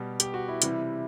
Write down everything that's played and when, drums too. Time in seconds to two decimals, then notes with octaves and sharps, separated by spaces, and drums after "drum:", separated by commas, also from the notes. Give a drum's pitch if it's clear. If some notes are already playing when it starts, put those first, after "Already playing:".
Already playing: B2 G3 G4
0.20 G4, drum: hi-hat
0.34 F#4
0.48 E4
0.62 C3 E3 G3, drum: hi-hat